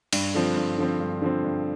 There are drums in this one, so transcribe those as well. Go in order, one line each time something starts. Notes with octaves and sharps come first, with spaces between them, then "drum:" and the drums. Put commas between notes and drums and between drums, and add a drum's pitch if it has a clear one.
G2, drum: cymbal
D3 F3 C4
G2
D3 F3 C4
G2
D3 F3 C4
G2